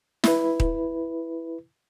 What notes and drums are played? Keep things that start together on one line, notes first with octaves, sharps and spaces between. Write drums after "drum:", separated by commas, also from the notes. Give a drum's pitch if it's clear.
E4 B4, drum: snare
drum: kick D#1